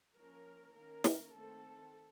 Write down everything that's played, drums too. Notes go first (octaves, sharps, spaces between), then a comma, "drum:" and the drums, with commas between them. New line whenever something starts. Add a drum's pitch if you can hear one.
F3 A#3 C#4 A#4
D#3 A#3 C#4 A#4
drum: snare
D#3 A3 C4 A4